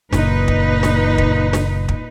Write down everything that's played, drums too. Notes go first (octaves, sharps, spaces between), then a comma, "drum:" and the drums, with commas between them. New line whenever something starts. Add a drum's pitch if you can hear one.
F#1 A#2 D#4 B4, drum: snare
drum: kick
drum: snare
drum: kick
drum: snare
drum: kick